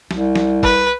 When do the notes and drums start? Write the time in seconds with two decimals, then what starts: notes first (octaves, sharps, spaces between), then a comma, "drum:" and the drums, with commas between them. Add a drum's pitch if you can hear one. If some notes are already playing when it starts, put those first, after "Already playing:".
0.11 C2, drum: snare
0.35 drum: snare
0.63 B4, drum: kick